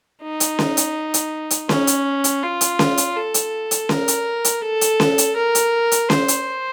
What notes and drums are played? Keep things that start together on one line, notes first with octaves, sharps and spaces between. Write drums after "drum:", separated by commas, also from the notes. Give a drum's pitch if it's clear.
D#4
drum: hi-hat
drum: snare C#4
drum: hi-hat
drum: hi-hat
drum: hi-hat
C#4, drum: snare C#4
drum: hi-hat
drum: hi-hat
F4
drum: hi-hat
drum: snare C#4
drum: hi-hat
A4
drum: hi-hat
drum: hi-hat
A#4, drum: snare C#4
drum: hi-hat
drum: hi-hat
A4
drum: hi-hat
drum: snare C#4
drum: hi-hat
A#4
drum: hi-hat
drum: hi-hat
C5, drum: snare C#4
drum: hi-hat